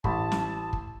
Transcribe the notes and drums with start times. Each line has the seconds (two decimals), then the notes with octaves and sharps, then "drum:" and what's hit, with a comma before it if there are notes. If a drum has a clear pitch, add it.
0.04 A1 A5 B5 C#6, drum: kick
0.32 drum: snare
0.73 drum: kick